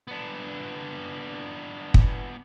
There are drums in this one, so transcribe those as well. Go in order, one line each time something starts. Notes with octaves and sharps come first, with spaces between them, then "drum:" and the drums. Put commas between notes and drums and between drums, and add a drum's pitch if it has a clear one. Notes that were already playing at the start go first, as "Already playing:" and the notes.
B3 D4
drum: kick